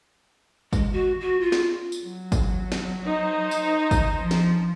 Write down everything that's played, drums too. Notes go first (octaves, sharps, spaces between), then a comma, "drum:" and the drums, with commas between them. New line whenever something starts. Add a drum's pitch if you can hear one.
G#3, drum: kick, tambourine
F#4
F#4
F4
drum: snare
drum: tambourine
F#3
drum: kick, tambourine
drum: snare
D#4 C5
drum: tambourine
drum: kick, tambourine
F3
drum: snare